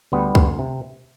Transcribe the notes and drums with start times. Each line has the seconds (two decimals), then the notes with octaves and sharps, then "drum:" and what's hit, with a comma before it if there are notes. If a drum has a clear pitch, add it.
0.12 D2 G3 B3
0.35 D2, drum: kick
0.59 C3